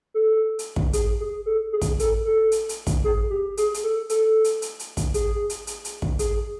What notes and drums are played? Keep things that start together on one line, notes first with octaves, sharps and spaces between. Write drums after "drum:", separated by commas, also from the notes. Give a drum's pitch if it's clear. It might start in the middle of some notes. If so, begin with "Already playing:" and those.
A4
drum: hi-hat
drum: kick
G#4, drum: hi-hat
G#4
A4
G#4
drum: kick, hi-hat
A4, drum: hi-hat
A4
drum: hi-hat
drum: hi-hat
drum: kick, hi-hat
G#4
G4
G#4, drum: hi-hat
drum: hi-hat
A4
A4, drum: hi-hat
drum: hi-hat
drum: hi-hat
drum: hi-hat
drum: kick, hi-hat
G#4, drum: hi-hat
drum: hi-hat
drum: hi-hat
drum: hi-hat
drum: kick
G#4, drum: hi-hat